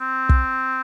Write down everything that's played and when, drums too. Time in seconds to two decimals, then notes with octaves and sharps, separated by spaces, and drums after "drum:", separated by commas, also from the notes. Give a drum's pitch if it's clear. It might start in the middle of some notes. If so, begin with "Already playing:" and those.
0.01 C4
0.29 drum: kick